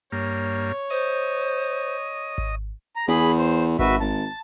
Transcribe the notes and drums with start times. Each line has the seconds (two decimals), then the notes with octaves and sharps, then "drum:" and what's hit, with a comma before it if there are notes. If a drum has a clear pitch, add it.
0.12 G2 A#3 C#5
0.90 C5 D#5
2.38 drum: kick G#1
2.96 A#5
3.08 E2 G#4 B5
3.38 C5
3.79 G#1 F#4 B4 E5, drum: kick G#1
4.00 G#1 A5